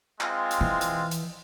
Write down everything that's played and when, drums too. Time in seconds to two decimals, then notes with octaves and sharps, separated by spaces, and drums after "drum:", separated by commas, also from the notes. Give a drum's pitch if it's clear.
0.21 G#3 C4 F4, drum: clap
0.51 drum: hi-hat
0.61 E3
0.81 drum: hi-hat
1.11 drum: hi-hat